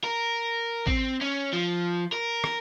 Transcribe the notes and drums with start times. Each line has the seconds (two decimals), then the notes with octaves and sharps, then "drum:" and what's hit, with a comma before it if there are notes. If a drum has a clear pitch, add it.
0.04 A#4
0.87 C4, drum: kick
1.22 C#4
1.53 F3
2.12 A#4
2.44 drum: rim click